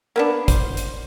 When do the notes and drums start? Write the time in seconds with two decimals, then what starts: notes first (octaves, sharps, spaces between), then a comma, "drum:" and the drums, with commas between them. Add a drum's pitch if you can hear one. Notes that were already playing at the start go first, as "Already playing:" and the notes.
0.16 A#3 B3 D4
0.48 C5, drum: kick, hi-hat
0.77 drum: hi-hat